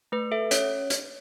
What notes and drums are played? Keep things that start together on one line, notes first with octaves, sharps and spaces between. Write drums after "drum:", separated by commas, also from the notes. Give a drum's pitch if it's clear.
A3 B4
A4 E5
C#4 C#5, drum: hi-hat
drum: hi-hat